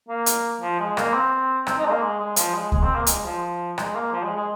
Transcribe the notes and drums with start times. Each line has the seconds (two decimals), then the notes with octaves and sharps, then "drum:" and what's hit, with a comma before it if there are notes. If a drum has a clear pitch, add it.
0.09 A#3
0.26 drum: hi-hat
0.61 F3
0.79 G#3
0.97 A#3, drum: rim click
1.13 C4
1.67 C4, drum: rim click
1.78 D#4
1.85 G#3
1.90 A#3
2.02 G#3
2.20 G#3
2.36 F3, drum: hi-hat
2.54 G#3
2.72 G#3, drum: kick C#2
2.83 C4
2.95 A#3
3.07 G#3, drum: hi-hat
3.25 F3
3.78 G#3, drum: rim click
3.94 A#3
4.13 F3
4.24 G#3
4.36 G#3